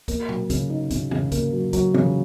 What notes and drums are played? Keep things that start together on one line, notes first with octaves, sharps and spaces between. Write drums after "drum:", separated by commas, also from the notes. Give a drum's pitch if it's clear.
A#3, drum: kick, hi-hat
F#3, drum: tom A#2
C#3, drum: kick, hi-hat
D#4
C#3, drum: kick, hi-hat
C#3, drum: tom E2
A#3, drum: kick, hi-hat
F#3
F#3, drum: kick, hi-hat
C#3, drum: tom E3